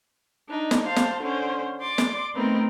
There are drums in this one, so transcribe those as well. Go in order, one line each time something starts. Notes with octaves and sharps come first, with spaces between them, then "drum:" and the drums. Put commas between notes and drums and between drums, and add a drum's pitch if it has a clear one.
D4 D#4
drum: snare
C5 F5 A5
drum: snare
D3 C#4 C5
D5 C6 D6
drum: snare
A3 B3 C4 D#4 A#4